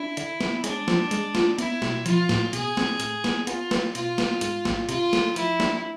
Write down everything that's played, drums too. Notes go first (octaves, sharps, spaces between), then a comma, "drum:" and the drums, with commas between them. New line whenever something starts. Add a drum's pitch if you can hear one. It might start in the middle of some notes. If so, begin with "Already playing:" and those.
Already playing: D4 E4
D3, drum: hi-hat
B3, drum: snare
G#3 D4, drum: hi-hat
F3, drum: snare
G#3, drum: hi-hat
F4, drum: snare
B3 E4, drum: hi-hat
B2, drum: snare
F3 F4, drum: hi-hat
A2, drum: snare
B2 G#4, drum: hi-hat
C4, drum: snare
A2, drum: hi-hat
B3, drum: snare
B3 F4, drum: hi-hat
B4, drum: snare
B2 F4, drum: hi-hat
B3, drum: snare
G#2, drum: hi-hat
G#1, drum: snare
C3 F4, drum: hi-hat
A3, drum: snare
F3 E4, drum: hi-hat
D4, drum: snare